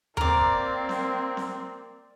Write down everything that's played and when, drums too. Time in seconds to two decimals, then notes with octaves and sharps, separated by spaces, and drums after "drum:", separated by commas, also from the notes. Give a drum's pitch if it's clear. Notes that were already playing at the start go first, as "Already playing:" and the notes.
0.17 A#3 C4 A#4 D5, drum: tom D#2
0.41 drum: kick
0.89 drum: snare C4
1.37 drum: snare C4